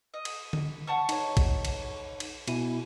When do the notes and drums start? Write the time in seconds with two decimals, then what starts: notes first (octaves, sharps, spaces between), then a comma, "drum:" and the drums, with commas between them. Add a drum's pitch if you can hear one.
0.14 D#5
0.25 drum: cymbal
0.53 drum: tom D3
0.87 F#5 A5 C#6
1.09 D#4 C#5, drum: cymbal
1.37 drum: kick, cymbal
1.65 drum: cymbal
2.20 drum: cymbal
2.48 B2 E4 G#5, drum: cymbal